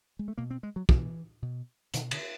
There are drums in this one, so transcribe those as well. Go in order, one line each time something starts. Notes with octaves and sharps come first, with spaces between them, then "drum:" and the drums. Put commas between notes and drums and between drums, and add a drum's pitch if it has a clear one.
G#3
A3
B2 A#3
C4
G#3
F#3
B2 E3, drum: kick
B2
B2 D#3, drum: hi-hat
D3, drum: cymbal